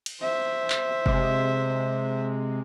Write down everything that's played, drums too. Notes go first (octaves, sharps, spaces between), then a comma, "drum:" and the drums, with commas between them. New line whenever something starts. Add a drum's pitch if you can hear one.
drum: cymbal
C5 E5
drum: clap
C3 G#3, drum: kick F#1